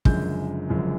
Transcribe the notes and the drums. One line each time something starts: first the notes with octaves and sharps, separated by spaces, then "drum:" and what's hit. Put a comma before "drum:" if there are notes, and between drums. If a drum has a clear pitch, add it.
F#1 F#2 D3 F3 G#3 G6, drum: kick
F#1 F#2 D3 F3 G#3